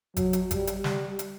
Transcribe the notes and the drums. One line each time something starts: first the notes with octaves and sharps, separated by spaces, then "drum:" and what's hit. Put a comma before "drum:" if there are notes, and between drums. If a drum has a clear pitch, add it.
F#3, drum: kick G#1, hi-hat
drum: hi-hat
G3, drum: kick G#1, hi-hat
drum: hi-hat
G3, drum: snare
drum: hi-hat